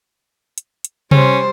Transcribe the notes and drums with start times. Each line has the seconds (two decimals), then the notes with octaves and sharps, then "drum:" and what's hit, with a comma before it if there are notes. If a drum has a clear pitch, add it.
0.58 drum: hi-hat
0.84 drum: hi-hat
1.11 G3 C#4 C5, drum: tom C3